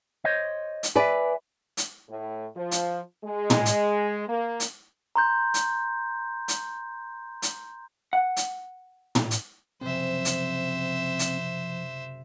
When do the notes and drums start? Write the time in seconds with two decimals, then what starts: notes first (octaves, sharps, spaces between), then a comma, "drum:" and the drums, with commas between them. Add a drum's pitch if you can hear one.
0.24 C5 C#5 D#5
0.83 drum: hi-hat
0.95 B4 D5 E5 G#5
1.77 drum: hi-hat
2.10 A2
2.56 F3
2.71 drum: hi-hat
3.24 G#3
3.50 drum: tom
3.66 drum: hi-hat
4.28 A#3
4.60 drum: hi-hat
5.16 A#5 C6 G6
5.54 drum: hi-hat
6.48 drum: hi-hat
7.42 drum: hi-hat
8.13 F#5
8.37 drum: hi-hat
9.15 drum: tom
9.31 drum: hi-hat
9.81 F#1 C3 F3 C4 C5 E5
10.25 drum: hi-hat
11.19 drum: hi-hat